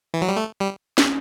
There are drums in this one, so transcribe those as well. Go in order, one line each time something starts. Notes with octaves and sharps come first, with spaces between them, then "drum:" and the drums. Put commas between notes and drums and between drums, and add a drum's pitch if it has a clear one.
E3
F#3
G3
A3
G3
drum: snare